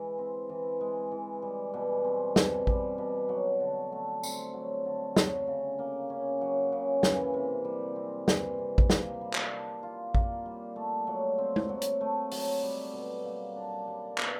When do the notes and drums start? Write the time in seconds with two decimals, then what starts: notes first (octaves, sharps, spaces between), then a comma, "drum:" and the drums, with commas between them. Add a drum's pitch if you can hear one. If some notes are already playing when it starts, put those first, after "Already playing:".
Already playing: E3 G#3
0.18 C4
0.49 E3
0.81 G#3
1.11 E3
1.42 G3
1.74 B2
2.05 C4
2.36 B2, drum: snare
2.67 G3, drum: kick A1
2.98 B2
3.29 F#3
3.60 D3
3.92 A3
4.23 C4, drum: tambourine
4.53 F#3
4.85 D3
5.16 F#3, drum: snare
5.47 C#3
5.79 A#3
6.10 C#4
6.41 F#3
6.72 C#3
7.03 E3, drum: snare
7.34 C3
7.65 G3
7.96 C4
8.28 E3, drum: snare
8.59 C3
8.78 drum: kick A1
8.90 A#3, drum: snare
9.21 G3
9.34 drum: clap
9.51 D4
9.83 F4
10.15 A#3, drum: kick A1
10.46 G3
10.76 A3
11.07 F#3
11.38 C4
11.56 drum: tom G#3
11.69 F#3
11.82 drum: hi-hat
12.01 A3
12.31 F#3, drum: open hi-hat
12.63 G3
12.93 B2
13.24 A#3
13.56 D4
13.88 G3
14.18 B2, drum: clap